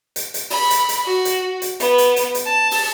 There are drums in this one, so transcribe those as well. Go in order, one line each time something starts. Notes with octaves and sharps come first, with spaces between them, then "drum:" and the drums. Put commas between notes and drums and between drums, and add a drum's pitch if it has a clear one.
drum: hi-hat
drum: hi-hat
B5, drum: open hi-hat
drum: hi-hat
drum: hi-hat
F#4
drum: hi-hat
drum: hi-hat
B3, drum: hi-hat
drum: hi-hat
drum: hi-hat
drum: hi-hat
A5
drum: open hi-hat